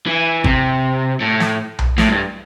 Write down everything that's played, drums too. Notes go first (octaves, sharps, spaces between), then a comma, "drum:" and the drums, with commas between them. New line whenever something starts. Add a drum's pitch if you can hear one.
E3
C3, drum: kick G#1
A2
drum: snare
drum: tom B1
A2, drum: snare
G2